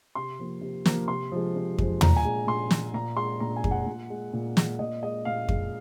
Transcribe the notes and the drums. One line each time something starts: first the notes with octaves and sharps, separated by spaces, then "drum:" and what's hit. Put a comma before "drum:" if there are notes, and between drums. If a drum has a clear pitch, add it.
C3 C6
F3 A#3
C3
F3 A#3, drum: snare
C3 C6
F3 G#3
C3
F3 G#3, drum: kick F2
A#2 A#5, drum: tom
G#5
G#3
A#2 C6
G#3, drum: snare
A#2 A#5
G#3 C6
A#2 A#5
G#5
G#3, drum: kick F2
F#5
A#2
G#3
A#2
G#3, drum: snare
A#2 D#5
G#3 D#5
A#2 F5
G#3, drum: kick F2